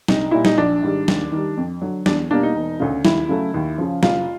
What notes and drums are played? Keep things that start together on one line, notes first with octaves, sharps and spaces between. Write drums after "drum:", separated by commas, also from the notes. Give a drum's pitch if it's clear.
C2 D#4, drum: snare
A#2 G3 E4
D#4, drum: snare
A#1 D4
G#2 D#3 G3
D#2, drum: snare
D#3 G3
F2
D3 F#3
E2 D4, drum: snare
B2 G3 A#3 D4
D#4
E1
D2 C#3
D#2 E4, drum: snare
C#3 F#3 A3
D#2
C#3 F3
F#1 F4, drum: snare